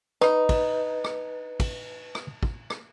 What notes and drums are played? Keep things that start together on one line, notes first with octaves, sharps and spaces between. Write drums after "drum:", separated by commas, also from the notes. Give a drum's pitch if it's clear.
D#4 B4, drum: rim click
drum: kick, cymbal
drum: rim click
drum: kick, cymbal
drum: rim click
drum: kick
drum: rim click